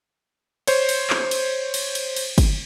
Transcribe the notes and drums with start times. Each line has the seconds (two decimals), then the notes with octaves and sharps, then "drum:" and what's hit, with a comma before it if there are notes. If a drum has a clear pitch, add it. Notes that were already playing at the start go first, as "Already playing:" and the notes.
0.67 C5 C#5, drum: cymbal
0.89 drum: cymbal
1.10 drum: clap
1.31 drum: cymbal
1.74 drum: cymbal
1.95 drum: cymbal
2.16 drum: cymbal
2.38 drum: kick, cymbal